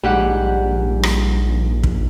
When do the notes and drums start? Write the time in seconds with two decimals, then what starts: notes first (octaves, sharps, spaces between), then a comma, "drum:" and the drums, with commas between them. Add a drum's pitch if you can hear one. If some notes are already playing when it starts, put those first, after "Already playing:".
0.03 A#1 G#2 G3 G4 F#5
1.03 drum: rim click
1.83 drum: kick